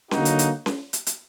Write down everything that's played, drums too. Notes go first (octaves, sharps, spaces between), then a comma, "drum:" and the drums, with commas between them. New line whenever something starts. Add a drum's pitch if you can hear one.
D3 F#3 A#3 D#4 F#4, drum: snare C#4
drum: hi-hat
drum: hi-hat
drum: snare C#4
drum: hi-hat
drum: hi-hat